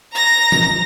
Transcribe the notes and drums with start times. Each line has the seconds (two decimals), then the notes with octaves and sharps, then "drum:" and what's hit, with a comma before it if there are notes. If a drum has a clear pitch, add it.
0.13 A#5 A#6
0.52 drum: tom E3